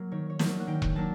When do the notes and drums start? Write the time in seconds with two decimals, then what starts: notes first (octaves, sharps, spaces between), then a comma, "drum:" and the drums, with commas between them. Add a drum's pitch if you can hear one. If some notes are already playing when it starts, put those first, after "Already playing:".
Already playing: F#3 A#3
0.12 D#3 C#5
0.30 C#5
0.39 F#3 A#3 D4, drum: snare
0.49 C#5
0.60 F#5
0.67 D#3 G5
0.82 drum: kick E1
0.96 F#3 A#3 D4 A5